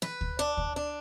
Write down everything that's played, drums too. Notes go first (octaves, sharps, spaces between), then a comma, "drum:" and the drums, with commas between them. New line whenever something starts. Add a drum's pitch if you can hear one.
B4, drum: snare
drum: kick D2
D4
drum: kick D2
D4